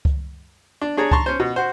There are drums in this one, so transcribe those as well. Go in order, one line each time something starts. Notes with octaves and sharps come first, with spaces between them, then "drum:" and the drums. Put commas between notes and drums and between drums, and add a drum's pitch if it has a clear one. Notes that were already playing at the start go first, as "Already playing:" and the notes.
drum: kick C#2
D4
D4 G#4 C#5 A#5
A5 A#5 C6 C#6, drum: kick C#2
C#4 C5
B2
F#4 C5